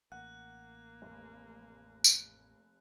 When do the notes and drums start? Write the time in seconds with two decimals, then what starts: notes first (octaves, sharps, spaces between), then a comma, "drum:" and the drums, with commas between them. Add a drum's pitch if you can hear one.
0.12 A1 A#3 F#5 F#6
1.02 F1
2.04 drum: tambourine